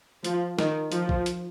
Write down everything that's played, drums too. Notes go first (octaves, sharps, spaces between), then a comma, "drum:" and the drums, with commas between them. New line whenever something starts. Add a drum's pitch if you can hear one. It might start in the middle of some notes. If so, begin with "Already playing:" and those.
F3, drum: hi-hat
D#3, drum: snare
F3, drum: hi-hat
drum: kick
drum: hi-hat